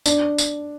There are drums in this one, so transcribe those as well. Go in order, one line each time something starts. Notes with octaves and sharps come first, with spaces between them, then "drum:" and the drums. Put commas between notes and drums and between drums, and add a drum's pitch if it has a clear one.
D4, drum: tambourine
drum: tambourine